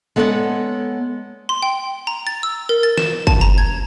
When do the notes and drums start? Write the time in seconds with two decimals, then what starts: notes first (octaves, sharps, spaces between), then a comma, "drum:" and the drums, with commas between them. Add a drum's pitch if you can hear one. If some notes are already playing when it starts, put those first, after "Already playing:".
0.16 G#3 B3 A4 C#5 D5 F#5
1.49 C6
1.63 G5
2.07 A#5
2.27 A6
2.43 E6
2.69 A#4
2.83 A6
2.97 E7, drum: snare
3.27 A5, drum: kick
3.41 A#5
3.58 G#6